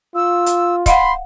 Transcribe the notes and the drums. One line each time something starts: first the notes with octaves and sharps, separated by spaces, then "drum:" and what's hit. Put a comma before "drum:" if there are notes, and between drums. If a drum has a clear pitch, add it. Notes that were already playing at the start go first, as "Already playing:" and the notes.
F4 E6
drum: hi-hat
D#5 F5 F#5 B5 C6, drum: kick, hi-hat